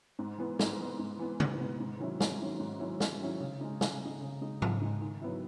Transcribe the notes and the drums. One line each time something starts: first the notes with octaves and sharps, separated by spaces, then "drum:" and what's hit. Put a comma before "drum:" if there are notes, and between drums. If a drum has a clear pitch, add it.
G#2
E3 B3
G#2, drum: snare
E3 B3
G#2
E3 B3
G#2, drum: tom
E3 B3
G#2
D#3 F#3 C#4 E4
G#2, drum: snare
D#3 F#3 C#4 E4
G#2
D#3 F#3 C#4 E4
G#2, drum: snare
D#3 F#3 C#4 E4
C#3
G#3 D#4
C#3, drum: snare
G#3 D#4
C#3
G#3 D#4
C#3, drum: tom G#2
G#3 D#4
D#3
F#3 B3 E4